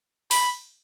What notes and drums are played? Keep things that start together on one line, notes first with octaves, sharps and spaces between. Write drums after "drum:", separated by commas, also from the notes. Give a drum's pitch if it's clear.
B5, drum: open hi-hat